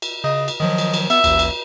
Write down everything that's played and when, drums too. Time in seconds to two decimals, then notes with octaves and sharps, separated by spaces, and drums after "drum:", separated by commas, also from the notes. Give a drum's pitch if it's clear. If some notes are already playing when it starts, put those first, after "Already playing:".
0.02 drum: cymbal
0.24 C#3 D#5
0.48 drum: cymbal
0.60 D#3 F3 F#3 D#5
0.78 drum: cymbal
0.94 drum: cymbal
1.10 B3 E5, drum: cymbal
1.24 A1 D#2, drum: cymbal
1.39 drum: cymbal